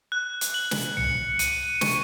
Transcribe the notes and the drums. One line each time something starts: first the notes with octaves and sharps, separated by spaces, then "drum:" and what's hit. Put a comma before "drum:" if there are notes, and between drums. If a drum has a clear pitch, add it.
F#6
drum: hi-hat
F#7
drum: snare
C#7, drum: tom C2
D#7, drum: hi-hat
C#6, drum: snare